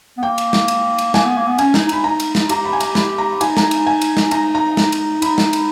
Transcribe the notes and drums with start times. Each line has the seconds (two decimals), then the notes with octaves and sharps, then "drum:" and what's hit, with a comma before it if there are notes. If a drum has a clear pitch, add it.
0.17 B3
0.23 A#3 G5
0.38 drum: cymbal
0.53 drum: snare
0.68 drum: cymbal
0.98 drum: cymbal
1.14 A#3 G#5, drum: snare
1.25 B3
1.37 A#3
1.47 B3
1.58 C#4 G#5, drum: cymbal
1.74 D#4, drum: snare
1.89 D#4 B5, drum: cymbal
2.04 D#4 A#5
2.20 drum: cymbal
2.35 drum: snare
2.49 G4 A#5, drum: cymbal
2.65 B5
2.73 G#5
2.80 A#5, drum: cymbal
2.95 B5, drum: snare
3.18 A#5
3.41 D#4 G#5, drum: cymbal
3.57 A#5, drum: snare
3.71 drum: cymbal
3.86 G#5
4.01 drum: cymbal
4.17 drum: snare
4.31 D#4 A#5, drum: cymbal
4.55 A#5
4.77 drum: snare
4.92 drum: cymbal
5.22 D#4 B5, drum: cymbal
5.38 drum: snare
5.53 drum: cymbal